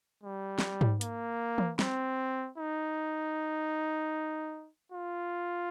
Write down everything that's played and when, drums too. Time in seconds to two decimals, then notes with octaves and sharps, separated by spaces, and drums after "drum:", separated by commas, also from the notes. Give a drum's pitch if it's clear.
0.24 G3
0.59 drum: snare
0.81 drum: tom G#2
1.01 A#3, drum: hi-hat
1.58 drum: tom E3
1.79 C4, drum: snare
2.58 D#4
4.92 F4